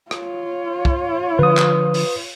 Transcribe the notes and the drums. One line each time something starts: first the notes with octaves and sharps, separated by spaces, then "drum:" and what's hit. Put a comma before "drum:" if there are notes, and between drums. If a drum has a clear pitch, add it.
F4 C#5, drum: rim click
drum: kick
D3 F3 B4 D#6
drum: clap
drum: open hi-hat